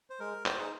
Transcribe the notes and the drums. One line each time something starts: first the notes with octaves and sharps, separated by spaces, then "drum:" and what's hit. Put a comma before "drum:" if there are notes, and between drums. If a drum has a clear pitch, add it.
C5
G#3 A#4
C5, drum: clap
D#4 G#4